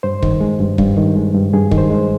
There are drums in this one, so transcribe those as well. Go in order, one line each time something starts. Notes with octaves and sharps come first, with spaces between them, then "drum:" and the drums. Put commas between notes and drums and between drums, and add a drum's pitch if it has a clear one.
G2 C5
D#3, drum: kick
G#3
G2
G2, drum: kick
D#3
G#3
G2
G2 G#4
D#3, drum: kick
C5
G#3